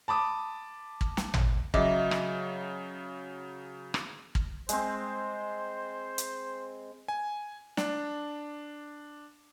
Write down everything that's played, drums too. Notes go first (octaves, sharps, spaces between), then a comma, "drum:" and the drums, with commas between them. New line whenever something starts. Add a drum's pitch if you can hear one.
A5 B5 D6 D#6
drum: kick
drum: snare
drum: tom
C#3 F#3 D#5 E5 D6, drum: kick
drum: rim click
drum: rim click
drum: kick
G#3 C4 C5, drum: hi-hat
drum: hi-hat
G#5
D4, drum: snare